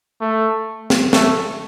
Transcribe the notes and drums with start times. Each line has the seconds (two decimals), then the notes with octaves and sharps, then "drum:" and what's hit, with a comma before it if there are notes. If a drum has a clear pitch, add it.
0.21 A3
0.90 drum: snare
1.13 A3, drum: snare